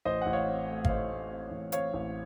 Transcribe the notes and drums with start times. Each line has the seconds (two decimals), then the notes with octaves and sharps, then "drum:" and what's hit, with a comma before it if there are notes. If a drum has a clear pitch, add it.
0.05 A1 C5 D#5
0.22 A1 F#5
0.33 C#5 F5
0.47 C4
0.68 A3
0.84 F5, drum: kick
0.89 A3 C5 D#5
1.09 A2
1.30 C4
1.51 A1
1.72 C4 C#5 F5, drum: hi-hat
1.93 A1